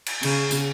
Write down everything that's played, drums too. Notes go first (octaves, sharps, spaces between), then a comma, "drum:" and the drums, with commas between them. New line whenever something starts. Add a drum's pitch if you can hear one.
drum: cymbal
C#3, drum: cymbal
drum: tambourine